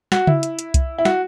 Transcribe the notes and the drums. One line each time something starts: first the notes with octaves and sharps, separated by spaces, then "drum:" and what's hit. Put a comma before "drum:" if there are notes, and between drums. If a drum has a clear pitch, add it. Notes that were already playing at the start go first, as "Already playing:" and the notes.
F#4, drum: snare
E4, drum: tom C#3
drum: hi-hat
drum: hi-hat
drum: kick C2, hi-hat
E4
F#4, drum: snare